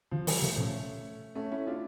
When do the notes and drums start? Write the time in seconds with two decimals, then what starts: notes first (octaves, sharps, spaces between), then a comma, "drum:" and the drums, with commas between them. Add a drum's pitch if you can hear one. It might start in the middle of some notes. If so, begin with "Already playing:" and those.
0.11 D3 F3
0.27 E3 G3, drum: open hi-hat
0.42 C#3 F3 A3
0.58 A#2 A3 C#4
1.35 A3 C#4
1.51 C#4 E4
1.67 D4 F4